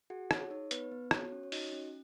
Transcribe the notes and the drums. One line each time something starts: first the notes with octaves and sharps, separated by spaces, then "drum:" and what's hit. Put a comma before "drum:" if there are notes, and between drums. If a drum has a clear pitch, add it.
F#4 G#4 F#5
G#4 C#5, drum: rim click
D#4 C#5
B3 B4, drum: hi-hat
B3
F#4 C#5, drum: rim click
C#4
C#5
D#4 F#4 D#5, drum: open hi-hat
C#4